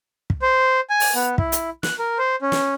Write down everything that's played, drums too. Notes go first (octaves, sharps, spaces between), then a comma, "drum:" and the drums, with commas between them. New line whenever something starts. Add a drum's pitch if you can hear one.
drum: kick
C5
G#5
drum: open hi-hat
B3
E4, drum: kick
drum: hi-hat
F#6, drum: snare
A#4
C5
C#4
drum: snare